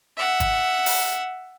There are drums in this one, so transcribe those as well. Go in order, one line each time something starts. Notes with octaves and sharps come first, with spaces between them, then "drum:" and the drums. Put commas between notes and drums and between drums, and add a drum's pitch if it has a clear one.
E5 F#5
drum: kick, hi-hat
drum: open hi-hat